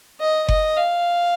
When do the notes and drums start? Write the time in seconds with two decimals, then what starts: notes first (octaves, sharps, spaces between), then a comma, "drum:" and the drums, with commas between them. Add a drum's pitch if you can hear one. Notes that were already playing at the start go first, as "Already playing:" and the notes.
0.20 D#5
0.49 D#5, drum: kick F#1
0.77 F5